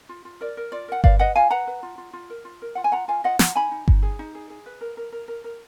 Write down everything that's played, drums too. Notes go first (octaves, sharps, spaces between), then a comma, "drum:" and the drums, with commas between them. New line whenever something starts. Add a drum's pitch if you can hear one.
F4
F4
A#4 D5
A#4
F4 D5
A#4 F#5
B4 D5 F5, drum: kick G1
B4 D#5 F#5
F4 F5 G#5
B4 F#5 A#5
B4
F4
F4
F4
A#4
F4
A#4
F4 F#5
G#5
F4 F#5 A#5
F4 F5 G#5
F4 D#5 F#5
F4 F#5 A#5, drum: snare
D#4 G#5 B5
D#4
D#4, drum: kick G1
G#4
D#4
G#4
G#4
B4
A#4
A#4
A#4
A#4
A#4